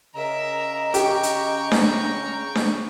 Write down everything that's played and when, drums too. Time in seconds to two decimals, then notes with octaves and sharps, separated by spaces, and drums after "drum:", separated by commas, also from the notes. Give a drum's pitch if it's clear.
0.15 C#3 A#4 D#5 E5 A#5
0.94 G4 G5 C#6, drum: hi-hat
1.23 drum: hi-hat
1.72 drum: snare D4
2.55 drum: snare D4